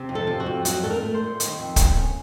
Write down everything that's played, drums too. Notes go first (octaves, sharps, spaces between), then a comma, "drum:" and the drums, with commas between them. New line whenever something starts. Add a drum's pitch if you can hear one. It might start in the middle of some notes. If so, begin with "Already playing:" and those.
Already playing: C3
F2
A4
F3
F#4
F2
F#3 F#4, drum: hi-hat
A#2 A4
A#4
A3
C5
A#2
D#3, drum: hi-hat
F2
A#3, drum: kick, hi-hat
C#4